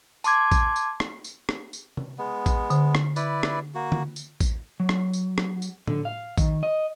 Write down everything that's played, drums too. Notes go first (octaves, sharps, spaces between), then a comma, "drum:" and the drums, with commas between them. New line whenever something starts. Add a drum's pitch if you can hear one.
A5 C6 D6 G#6, drum: tambourine
drum: kick A1, tambourine
drum: tambourine
drum: rim click
drum: tambourine
drum: rim click
drum: tambourine
drum: tom C3
G#3 B3
drum: kick A1, tambourine
D3, drum: tambourine
drum: rim click
E4 B4 D5, drum: tambourine
drum: rim click
A#3 F#4
drum: tom
drum: tambourine
drum: kick A1, tambourine
F#3
drum: rim click
drum: tambourine
drum: rim click
drum: tambourine
D3, drum: tom A2
F5
D#3, drum: kick A1, tambourine
D#5